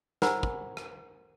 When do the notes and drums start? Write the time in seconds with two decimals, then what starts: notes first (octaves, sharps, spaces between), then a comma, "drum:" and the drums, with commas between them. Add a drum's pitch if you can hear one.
0.22 A#4 C5 F#5 G#5 A#5 B5, drum: snare
0.43 drum: kick
0.77 drum: rim click